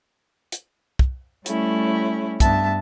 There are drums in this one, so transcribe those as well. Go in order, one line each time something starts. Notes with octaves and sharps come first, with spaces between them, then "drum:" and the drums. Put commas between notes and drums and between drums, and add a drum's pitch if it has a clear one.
drum: hi-hat
drum: kick
G3 A3 C#4 E4, drum: hi-hat
G2 B3 E5 A5, drum: kick, hi-hat